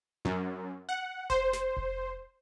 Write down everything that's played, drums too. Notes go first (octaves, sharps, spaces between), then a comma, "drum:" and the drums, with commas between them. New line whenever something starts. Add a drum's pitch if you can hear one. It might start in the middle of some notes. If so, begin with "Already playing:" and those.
F#2
F#5
C5, drum: kick F1
drum: snare
drum: kick F1